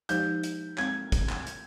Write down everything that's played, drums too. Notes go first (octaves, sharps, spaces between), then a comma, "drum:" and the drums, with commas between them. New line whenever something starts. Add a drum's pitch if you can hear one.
F3 G#3 D#4 G4 C5 G6, drum: hi-hat
drum: hi-hat
G#3 C4 G#6, drum: clap
drum: kick, hi-hat
drum: clap
drum: hi-hat